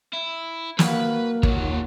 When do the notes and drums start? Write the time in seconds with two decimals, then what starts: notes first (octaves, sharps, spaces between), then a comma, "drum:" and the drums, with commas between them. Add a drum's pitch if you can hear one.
0.13 E4
0.79 A#3 F#4 B4 F5, drum: snare
1.43 D#2 F3 C#5 F#5, drum: kick